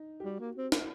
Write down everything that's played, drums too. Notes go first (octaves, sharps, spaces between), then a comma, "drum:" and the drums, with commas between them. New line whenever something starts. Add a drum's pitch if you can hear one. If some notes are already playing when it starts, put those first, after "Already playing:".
Already playing: D#4
G4
G3 F#4
A#3
C4
drum: snare